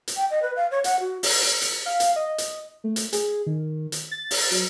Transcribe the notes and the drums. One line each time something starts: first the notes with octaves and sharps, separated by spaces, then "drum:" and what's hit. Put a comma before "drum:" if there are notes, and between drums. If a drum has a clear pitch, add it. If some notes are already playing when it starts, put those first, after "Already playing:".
drum: hi-hat
G5
D#5
B4
F5
C#5
F#5, drum: hi-hat
F#4
drum: open hi-hat
drum: hi-hat
drum: hi-hat
F5
drum: hi-hat
D#5
drum: hi-hat
A3
drum: hi-hat
G#4, drum: hi-hat
D#3
drum: hi-hat
A6
drum: open hi-hat
F#3, drum: hi-hat